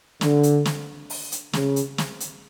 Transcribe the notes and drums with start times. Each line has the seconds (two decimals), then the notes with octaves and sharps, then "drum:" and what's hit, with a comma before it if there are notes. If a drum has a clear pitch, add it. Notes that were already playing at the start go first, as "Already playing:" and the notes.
0.21 D3, drum: snare
0.43 drum: hi-hat
0.65 drum: snare
1.10 drum: open hi-hat
1.32 drum: hi-hat
1.53 C#3, drum: snare
1.76 drum: hi-hat
1.98 drum: snare
2.20 drum: hi-hat